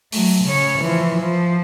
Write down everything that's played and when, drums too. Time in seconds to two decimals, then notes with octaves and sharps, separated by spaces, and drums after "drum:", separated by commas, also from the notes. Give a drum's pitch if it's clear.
0.12 F#3 A3, drum: open hi-hat
0.45 C#3 C#5
0.82 E3 F3
1.21 F3